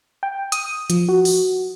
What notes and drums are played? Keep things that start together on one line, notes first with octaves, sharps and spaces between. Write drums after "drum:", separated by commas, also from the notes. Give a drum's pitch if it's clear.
G5
D#6, drum: hi-hat
F3, drum: hi-hat
F#4
drum: open hi-hat